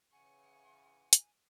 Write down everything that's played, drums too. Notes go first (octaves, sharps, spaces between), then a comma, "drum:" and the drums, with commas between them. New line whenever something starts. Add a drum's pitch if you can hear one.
C#3 E3 F#5 G#5 C#6
drum: hi-hat